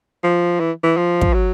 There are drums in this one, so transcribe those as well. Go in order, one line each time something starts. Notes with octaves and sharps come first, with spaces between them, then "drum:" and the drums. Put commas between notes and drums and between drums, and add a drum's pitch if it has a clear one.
F3
E3
E3
F3
drum: kick
F#3